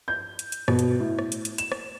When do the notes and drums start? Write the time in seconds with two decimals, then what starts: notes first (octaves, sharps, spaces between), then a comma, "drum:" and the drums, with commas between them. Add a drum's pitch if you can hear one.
0.08 G6
0.39 drum: hi-hat
0.52 drum: hi-hat
0.68 B2, drum: rim click
0.79 drum: hi-hat
1.00 A2
1.19 drum: rim click
1.32 drum: hi-hat
1.45 drum: hi-hat
1.58 E7, drum: hi-hat
1.72 drum: rim click